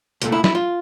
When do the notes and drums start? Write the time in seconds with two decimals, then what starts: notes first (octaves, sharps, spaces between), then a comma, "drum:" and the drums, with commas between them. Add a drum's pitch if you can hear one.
0.22 C2 A#2 A3, drum: hi-hat
0.32 E4
0.44 E4, drum: snare
0.55 F4